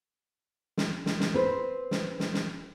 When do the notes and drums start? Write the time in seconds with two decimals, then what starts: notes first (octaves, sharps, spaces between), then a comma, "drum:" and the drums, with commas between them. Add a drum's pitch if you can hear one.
0.77 drum: snare
1.06 drum: snare
1.20 drum: snare
1.34 C4 B4 C5
1.91 drum: snare
2.20 drum: snare
2.34 drum: snare